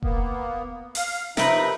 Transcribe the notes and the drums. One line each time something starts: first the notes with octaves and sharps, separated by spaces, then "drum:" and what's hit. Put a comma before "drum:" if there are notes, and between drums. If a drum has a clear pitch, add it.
A#3 B3, drum: kick E1
F5, drum: open hi-hat
C3 F3 D#4 A#4 B4 E5, drum: snare